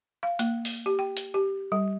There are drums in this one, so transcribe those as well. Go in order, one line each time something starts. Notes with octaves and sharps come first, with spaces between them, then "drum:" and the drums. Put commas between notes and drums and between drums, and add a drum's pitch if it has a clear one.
F5
A#3, drum: hi-hat
drum: open hi-hat
G4
G5
drum: hi-hat
G4
G3